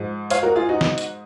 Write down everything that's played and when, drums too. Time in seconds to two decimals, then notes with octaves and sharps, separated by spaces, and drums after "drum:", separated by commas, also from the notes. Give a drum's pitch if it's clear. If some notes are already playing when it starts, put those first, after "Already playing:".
Already playing: G#2 F3
0.30 C#5 F5, drum: hi-hat
0.43 F#4 A#4
0.55 F4 G#4
0.69 D#4 F#4
0.81 drum: snare
0.98 drum: hi-hat